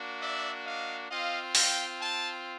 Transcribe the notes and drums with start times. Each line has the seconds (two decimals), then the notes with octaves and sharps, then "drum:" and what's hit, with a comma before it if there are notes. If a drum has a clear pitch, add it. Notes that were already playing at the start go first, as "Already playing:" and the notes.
Already playing: A#3 D4 F#4
0.20 D5 E5
0.65 D#5 F5
1.10 C4 F4 D#5 F5
1.55 F5 G5, drum: open hi-hat
1.99 G5 A5